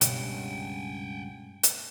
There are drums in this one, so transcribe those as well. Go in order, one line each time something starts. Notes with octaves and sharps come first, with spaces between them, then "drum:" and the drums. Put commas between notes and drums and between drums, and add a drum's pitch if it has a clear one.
C#2 G2 B2 F#5 G5, drum: hi-hat
drum: hi-hat